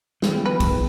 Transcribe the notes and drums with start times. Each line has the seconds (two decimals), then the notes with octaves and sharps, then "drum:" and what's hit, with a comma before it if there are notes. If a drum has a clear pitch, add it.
0.22 D#3 F3 G3 B3 G#4 G5, drum: snare
0.46 B4
0.60 drum: kick, cymbal